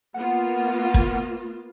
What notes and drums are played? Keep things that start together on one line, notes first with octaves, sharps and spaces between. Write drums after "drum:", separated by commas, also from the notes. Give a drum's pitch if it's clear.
A#3 B3 F4 F#5
drum: kick